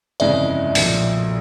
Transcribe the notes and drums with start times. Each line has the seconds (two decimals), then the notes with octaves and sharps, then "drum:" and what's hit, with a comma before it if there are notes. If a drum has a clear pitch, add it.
0.20 G1 F2 C#3 E3 G#3 D5 E5
0.75 B1 A#2 F3, drum: open hi-hat